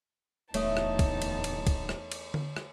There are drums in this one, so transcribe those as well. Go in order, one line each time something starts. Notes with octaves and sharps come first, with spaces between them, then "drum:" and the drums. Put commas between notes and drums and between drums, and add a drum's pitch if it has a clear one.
D1 E2 A3 D#4 C#5 E5 A5 D#6, drum: cymbal
drum: rim click
drum: kick, cymbal
drum: cymbal
drum: cymbal
drum: kick, cymbal
drum: rim click
drum: cymbal
drum: tom D3
drum: rim click